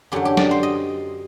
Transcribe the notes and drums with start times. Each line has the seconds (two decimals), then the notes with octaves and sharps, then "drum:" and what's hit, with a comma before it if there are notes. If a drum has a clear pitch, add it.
0.12 F#2 D3 F#3 G4
0.25 G4
0.37 D5, drum: snare
0.51 C5
0.63 D#5